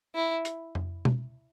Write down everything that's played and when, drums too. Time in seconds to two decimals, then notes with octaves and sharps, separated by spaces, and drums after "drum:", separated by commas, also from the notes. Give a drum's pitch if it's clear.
0.15 E4
0.45 drum: hi-hat
0.75 drum: tom F2
1.05 drum: tom B2